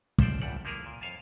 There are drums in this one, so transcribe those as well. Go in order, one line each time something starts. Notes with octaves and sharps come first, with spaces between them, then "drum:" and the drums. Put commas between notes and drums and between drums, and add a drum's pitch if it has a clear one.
C#2 F3 A4 C5 D5, drum: kick
G1 E2 G2 G3 D5 F#5
F3 A#3 E4 G#4 A#4
A#2
F2 C#5 F5 G#5 A5